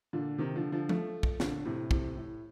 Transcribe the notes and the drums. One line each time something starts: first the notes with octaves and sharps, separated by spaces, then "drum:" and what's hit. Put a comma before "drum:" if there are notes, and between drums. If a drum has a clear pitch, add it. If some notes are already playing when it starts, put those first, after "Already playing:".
A#2 D3
C3 D#3
D3 F3
D3 F3
F3 A3, drum: tom F3
drum: kick
A#2 D3, drum: snare
A2 C3
A2 C3, drum: kick
A2